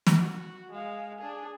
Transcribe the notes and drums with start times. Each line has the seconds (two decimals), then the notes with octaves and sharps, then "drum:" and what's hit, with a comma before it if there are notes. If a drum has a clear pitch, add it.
0.07 drum: snare
0.19 F#4
0.71 G#3 F5
1.18 D4 G#4